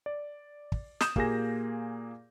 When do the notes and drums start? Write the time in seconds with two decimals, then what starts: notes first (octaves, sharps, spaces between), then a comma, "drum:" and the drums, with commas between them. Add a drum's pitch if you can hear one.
0.06 D5
0.72 drum: kick
1.01 D#6 G6 E7, drum: snare
1.16 A#2 A#3 G4 G#4 G#5 A#6, drum: kick